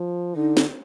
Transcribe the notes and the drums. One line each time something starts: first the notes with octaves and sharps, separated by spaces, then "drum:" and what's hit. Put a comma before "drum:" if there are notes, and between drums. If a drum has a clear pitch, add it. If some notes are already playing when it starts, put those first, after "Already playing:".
Already playing: F3
D3 D#4
drum: snare